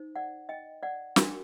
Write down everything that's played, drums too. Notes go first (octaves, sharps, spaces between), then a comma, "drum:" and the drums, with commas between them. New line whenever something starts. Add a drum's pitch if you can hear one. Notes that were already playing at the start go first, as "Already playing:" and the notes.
Already playing: D#4 C5
D5 F#5
D#5 G5
D5 F#5
D4 F#4 A#4, drum: snare